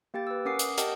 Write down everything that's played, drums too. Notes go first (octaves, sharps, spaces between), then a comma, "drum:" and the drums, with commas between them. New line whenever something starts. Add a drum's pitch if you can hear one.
A#3 G4 G5 A6
B4 E6
C#4 A#4 F#5 D6 D#6 C7
D#6, drum: hi-hat
G4 A#4 D#5 F#5 G5 A5, drum: hi-hat